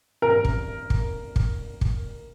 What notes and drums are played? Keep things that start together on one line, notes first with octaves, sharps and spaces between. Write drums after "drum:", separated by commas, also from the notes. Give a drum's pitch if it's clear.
A#4
drum: kick
drum: kick
drum: kick
drum: kick